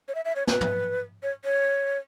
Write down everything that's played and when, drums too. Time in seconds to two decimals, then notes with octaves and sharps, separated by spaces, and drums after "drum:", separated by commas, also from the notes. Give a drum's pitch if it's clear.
0.08 C#5
0.15 E5
0.25 E5
0.36 C#5
0.47 B4, drum: snare
0.61 drum: tom
1.23 C#5
1.45 C#5